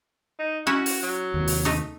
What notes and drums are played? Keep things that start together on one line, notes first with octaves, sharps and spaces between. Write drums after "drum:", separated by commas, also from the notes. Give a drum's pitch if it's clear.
D#4
C#4 E4 F#4
drum: open hi-hat
F#3
D#2 C3
drum: open hi-hat
A3 D#4